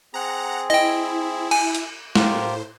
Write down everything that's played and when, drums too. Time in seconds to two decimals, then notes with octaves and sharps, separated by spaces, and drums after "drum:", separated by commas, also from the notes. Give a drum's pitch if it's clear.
0.14 C4 G#4 F#5 A#5
0.70 E4 D#5 G5
1.51 G#5, drum: cymbal
1.75 drum: hi-hat
2.15 A2 F4 G4 A#4 C5, drum: snare